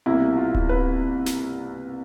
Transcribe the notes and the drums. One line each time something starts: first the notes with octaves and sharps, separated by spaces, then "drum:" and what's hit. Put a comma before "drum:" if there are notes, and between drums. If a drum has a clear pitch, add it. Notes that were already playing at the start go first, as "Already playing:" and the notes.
C2 B2 G3 A#3 E4
F4
drum: kick D1
B4
drum: snare